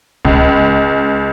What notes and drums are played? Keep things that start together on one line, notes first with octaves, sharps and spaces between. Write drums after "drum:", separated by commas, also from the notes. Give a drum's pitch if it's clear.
C#2, drum: kick C2